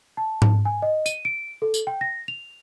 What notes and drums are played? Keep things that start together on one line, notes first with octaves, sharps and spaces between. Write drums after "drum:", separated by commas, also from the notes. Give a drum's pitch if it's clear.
A5
drum: tom G#2
G#5
D#5
D#7, drum: tambourine
D7
A4
drum: tambourine
G5
A#6
F7